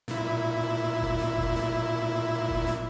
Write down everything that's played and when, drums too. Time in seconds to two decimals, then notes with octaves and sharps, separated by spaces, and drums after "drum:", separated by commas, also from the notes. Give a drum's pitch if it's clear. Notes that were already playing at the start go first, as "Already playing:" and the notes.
0.08 A#2 E4, drum: snare
1.00 drum: kick F1
1.19 drum: snare
1.37 drum: kick F1
1.56 drum: snare
2.48 drum: kick F1
2.67 drum: snare